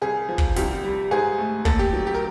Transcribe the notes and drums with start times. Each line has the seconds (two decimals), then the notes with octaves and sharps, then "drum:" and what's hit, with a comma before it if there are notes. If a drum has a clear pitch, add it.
0.02 C2 G#4
0.29 F3
0.38 drum: kick
0.56 C2 G4, drum: snare
0.83 G3
1.11 G#2 G#4
1.38 A3
1.65 D#2 A4, drum: kick
1.79 G4
1.93 F#3
2.07 G4
2.14 A#4